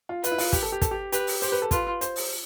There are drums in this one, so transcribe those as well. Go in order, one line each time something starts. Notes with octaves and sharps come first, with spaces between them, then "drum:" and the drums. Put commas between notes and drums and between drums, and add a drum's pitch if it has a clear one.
F4
F4 B4, drum: hi-hat
E4
F4, drum: open hi-hat
G4, drum: kick, hi-hat
A4
G4
A4, drum: kick, hi-hat
G4
G4 B4, drum: hi-hat
drum: open hi-hat
G4 C5, drum: hi-hat
B4
A4
F4 B4, drum: kick, hi-hat
C5, drum: hi-hat
drum: open hi-hat